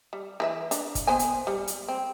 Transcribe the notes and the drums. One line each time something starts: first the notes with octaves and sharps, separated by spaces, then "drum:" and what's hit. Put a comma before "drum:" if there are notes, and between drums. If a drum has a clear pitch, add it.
G3
E3 B4 E5
D4, drum: hi-hat
drum: kick, hi-hat
B3 C5 G#5
drum: hi-hat
G3
drum: hi-hat
C4